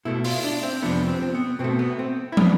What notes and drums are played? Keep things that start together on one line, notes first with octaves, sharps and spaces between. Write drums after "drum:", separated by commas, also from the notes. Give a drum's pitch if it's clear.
B2 A3 E4
F4, drum: open hi-hat
D4
C4
F2 C3 F3 B3 D4
C4
C4
B3
B2 A3 C4
B3
C4
E4
E3 B3 D4, drum: tom